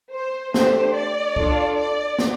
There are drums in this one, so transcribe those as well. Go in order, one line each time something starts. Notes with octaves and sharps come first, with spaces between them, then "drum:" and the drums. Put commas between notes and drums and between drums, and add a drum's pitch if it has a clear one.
C5
A3 D4 G4 C5, drum: snare
D5
D4 F4 A4, drum: kick C2
D5
drum: snare